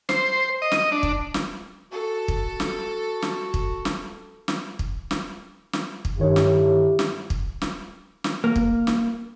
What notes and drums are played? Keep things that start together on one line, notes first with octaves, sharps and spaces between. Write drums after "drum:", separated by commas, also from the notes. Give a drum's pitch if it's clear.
C5, drum: snare
D#5
drum: snare
D4
drum: kick
drum: snare
F#4 A4
drum: kick
drum: snare
drum: snare
drum: kick
drum: snare
drum: snare
drum: kick
drum: snare
drum: snare
drum: kick
G2 D3 D#3 E4 G4 C#5
drum: snare
drum: snare
drum: kick
drum: snare
drum: snare
A#3
drum: kick
drum: snare